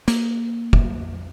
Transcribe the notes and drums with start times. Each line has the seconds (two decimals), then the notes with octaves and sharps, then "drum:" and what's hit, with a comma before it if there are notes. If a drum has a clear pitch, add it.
0.08 A#3, drum: hi-hat
0.73 drum: kick